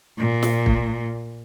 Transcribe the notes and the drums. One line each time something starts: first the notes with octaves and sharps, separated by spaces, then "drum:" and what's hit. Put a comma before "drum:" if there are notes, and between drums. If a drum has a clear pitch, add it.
A#2
drum: snare
drum: kick